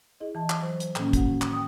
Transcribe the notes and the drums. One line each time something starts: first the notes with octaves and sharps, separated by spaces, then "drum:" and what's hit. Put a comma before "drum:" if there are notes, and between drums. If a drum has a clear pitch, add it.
E4 G#4 D#5
E3 A5
drum: clap
F#3 C5
drum: hi-hat
A2 D#3 A#3 C#4, drum: clap
F#4 F#5, drum: kick, hi-hat
drum: clap
G5 D#6